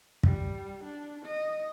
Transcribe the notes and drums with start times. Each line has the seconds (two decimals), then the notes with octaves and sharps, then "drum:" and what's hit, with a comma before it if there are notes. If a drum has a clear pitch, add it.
0.23 G3, drum: kick
0.84 D4
1.26 D#5